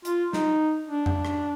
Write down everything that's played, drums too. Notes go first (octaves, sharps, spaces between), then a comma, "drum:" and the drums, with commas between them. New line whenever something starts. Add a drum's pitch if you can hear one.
F4, drum: hi-hat
D#4, drum: snare
D4
drum: tom F2
drum: rim click